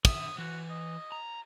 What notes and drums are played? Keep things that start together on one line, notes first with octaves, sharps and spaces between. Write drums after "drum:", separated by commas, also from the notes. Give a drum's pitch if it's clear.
D3 E5 D#6, drum: kick, cymbal
E3 F#4
D#5
A#5